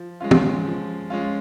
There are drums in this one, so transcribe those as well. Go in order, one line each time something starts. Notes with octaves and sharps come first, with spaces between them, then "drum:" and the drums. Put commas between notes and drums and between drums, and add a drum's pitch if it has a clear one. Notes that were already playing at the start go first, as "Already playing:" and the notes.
Already playing: F3
G#3 C#4 F4
drum: tom
F3
G#3 C#4 F4